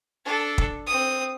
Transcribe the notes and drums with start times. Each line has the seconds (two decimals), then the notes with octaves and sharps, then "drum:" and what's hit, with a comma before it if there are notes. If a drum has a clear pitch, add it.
0.25 D4 A4
0.58 drum: kick
0.87 C4 D#6